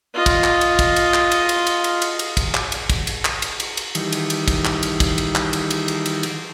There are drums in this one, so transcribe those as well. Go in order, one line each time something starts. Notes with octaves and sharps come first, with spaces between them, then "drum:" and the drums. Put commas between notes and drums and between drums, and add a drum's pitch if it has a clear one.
F4 D#5
drum: kick, cymbal
drum: clap
drum: cymbal
drum: kick, cymbal
drum: cymbal
drum: clap
drum: cymbal
drum: cymbal
drum: cymbal
drum: cymbal
drum: cymbal
drum: cymbal
drum: kick, cymbal
drum: clap
drum: cymbal
drum: kick, cymbal
drum: cymbal
drum: clap
drum: cymbal
drum: cymbal
drum: cymbal
D#3 E3 G3, drum: cymbal
drum: cymbal
drum: cymbal
drum: kick, cymbal
drum: clap
drum: cymbal
drum: kick, cymbal
drum: cymbal
drum: clap
drum: cymbal
drum: cymbal
drum: cymbal
drum: cymbal
drum: cymbal